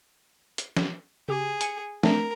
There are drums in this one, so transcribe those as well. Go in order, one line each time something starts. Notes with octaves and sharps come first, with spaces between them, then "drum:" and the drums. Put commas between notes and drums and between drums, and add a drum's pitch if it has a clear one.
drum: hi-hat
drum: snare
C#3 G4 G#4
G#5 C#7, drum: hi-hat
A3 C4 D4 A#4, drum: snare